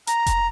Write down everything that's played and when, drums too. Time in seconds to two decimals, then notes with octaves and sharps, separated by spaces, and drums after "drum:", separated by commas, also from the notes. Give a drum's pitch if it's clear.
0.07 A#5, drum: hi-hat
0.26 drum: kick F1, hi-hat